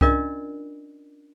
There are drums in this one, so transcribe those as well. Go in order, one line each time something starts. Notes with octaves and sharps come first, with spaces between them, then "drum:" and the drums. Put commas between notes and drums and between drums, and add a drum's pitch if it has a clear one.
C#4 D4 F4 A#4 D5 D#5, drum: kick C2